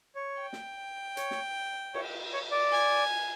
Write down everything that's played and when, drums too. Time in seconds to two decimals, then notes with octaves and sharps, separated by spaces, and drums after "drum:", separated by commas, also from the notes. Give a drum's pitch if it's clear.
0.15 C#5
0.40 G5
0.53 drum: snare
1.17 C#5, drum: hi-hat
1.31 drum: snare
1.94 C#5, drum: cymbal
2.33 C#5
2.52 D5
2.72 G#5